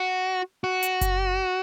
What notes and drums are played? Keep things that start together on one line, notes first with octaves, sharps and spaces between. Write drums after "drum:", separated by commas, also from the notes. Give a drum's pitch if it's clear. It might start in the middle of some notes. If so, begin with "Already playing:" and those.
Already playing: F#4
F#4
drum: hi-hat
drum: kick F#1, hi-hat